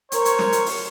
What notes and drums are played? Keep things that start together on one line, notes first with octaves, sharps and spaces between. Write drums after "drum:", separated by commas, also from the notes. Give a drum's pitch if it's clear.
A#4 C5 C#5, drum: hi-hat
drum: hi-hat
drum: snare
drum: hi-hat
drum: open hi-hat